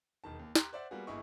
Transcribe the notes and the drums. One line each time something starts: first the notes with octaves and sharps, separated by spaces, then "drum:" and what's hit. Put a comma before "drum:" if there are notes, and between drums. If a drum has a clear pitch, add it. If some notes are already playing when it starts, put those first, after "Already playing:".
E1 D#3 A5
D#2
G4 G5 A#5 C6 F#6, drum: snare
C5 D5 E5 F#5
G3 A#3 B3 F4 F#4 G#4
G1 D#2 E4 G#4 D#5 C#6